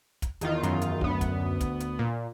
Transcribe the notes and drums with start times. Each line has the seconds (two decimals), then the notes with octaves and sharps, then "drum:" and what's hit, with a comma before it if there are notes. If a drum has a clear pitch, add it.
0.22 drum: kick, hi-hat
0.41 E2 D#3 F4, drum: hi-hat
0.63 F#2, drum: hi-hat
0.82 drum: hi-hat
1.01 D2 B3, drum: kick
1.21 drum: kick, hi-hat
1.61 drum: kick, hi-hat
1.80 drum: hi-hat
1.99 A#2